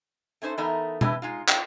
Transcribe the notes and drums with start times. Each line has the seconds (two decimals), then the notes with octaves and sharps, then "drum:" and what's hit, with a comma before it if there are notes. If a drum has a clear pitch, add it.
0.42 A3 C#4 D#4 C5
0.58 E3 A3 B3 D#4 A#4 D#5
1.01 E3 D4 E4 G4 B4 D#5, drum: tom B2
1.22 G#3 D#4 F4
1.49 F4 G5, drum: clap